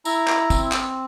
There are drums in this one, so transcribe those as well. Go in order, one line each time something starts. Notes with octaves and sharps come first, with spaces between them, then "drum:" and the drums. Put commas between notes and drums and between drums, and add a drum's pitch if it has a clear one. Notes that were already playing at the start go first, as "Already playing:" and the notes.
E4 A#5, drum: tambourine
drum: clap
C4, drum: kick, tambourine
drum: clap